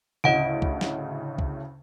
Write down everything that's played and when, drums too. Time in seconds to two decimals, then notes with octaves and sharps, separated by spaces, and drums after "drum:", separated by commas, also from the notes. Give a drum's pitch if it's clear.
0.24 D2 A2 C#3 D#5 F#5 D7
0.62 drum: kick
0.81 drum: snare
1.38 drum: kick